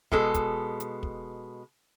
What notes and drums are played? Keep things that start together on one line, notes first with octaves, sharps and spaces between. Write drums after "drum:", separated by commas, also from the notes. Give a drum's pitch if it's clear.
B2 G#3 A4, drum: kick
drum: kick, hi-hat
drum: hi-hat
drum: kick